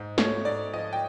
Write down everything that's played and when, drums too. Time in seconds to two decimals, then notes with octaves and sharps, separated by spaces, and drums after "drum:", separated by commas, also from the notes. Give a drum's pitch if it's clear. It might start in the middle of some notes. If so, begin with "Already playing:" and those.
Already playing: G#2
0.18 A3 C#5, drum: snare
0.45 G#2 D5
0.74 F3 D#5
0.93 G5